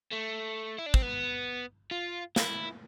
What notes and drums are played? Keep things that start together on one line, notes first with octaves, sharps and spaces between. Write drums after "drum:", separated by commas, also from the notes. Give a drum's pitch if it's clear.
A3
E4
D4
C4, drum: kick
B3
F4
E4, drum: snare